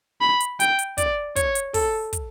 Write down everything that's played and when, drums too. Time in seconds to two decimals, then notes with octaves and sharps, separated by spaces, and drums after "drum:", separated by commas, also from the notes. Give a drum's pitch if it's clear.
0.21 B5
0.40 drum: hi-hat
0.60 G5, drum: hi-hat
0.79 drum: hi-hat
0.98 D5, drum: kick, hi-hat
1.36 C#5, drum: kick, hi-hat
1.55 drum: hi-hat
1.74 A4, drum: kick, open hi-hat
2.13 drum: kick, hi-hat